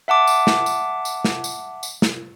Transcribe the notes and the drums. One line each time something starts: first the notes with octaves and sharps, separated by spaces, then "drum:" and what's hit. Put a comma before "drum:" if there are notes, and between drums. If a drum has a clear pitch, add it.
E5 F#5 A5 D6
drum: tambourine
drum: snare
drum: tambourine
drum: tambourine
drum: snare
drum: tambourine
drum: tambourine
drum: snare